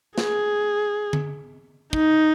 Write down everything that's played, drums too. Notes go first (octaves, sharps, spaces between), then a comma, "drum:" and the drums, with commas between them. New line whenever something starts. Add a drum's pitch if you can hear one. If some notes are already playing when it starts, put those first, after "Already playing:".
G#4, drum: snare
drum: tom D3
D#4, drum: kick